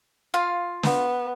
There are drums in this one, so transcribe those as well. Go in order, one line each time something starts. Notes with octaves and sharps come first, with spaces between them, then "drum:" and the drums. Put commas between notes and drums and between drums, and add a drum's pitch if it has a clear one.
F4 F5
B3, drum: snare